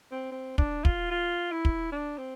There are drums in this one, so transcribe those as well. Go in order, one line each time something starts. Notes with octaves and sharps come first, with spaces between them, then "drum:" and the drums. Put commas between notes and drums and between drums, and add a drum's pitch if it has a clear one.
C4
C4
D4, drum: kick
F4, drum: kick
F4
E4
drum: kick
D4
C4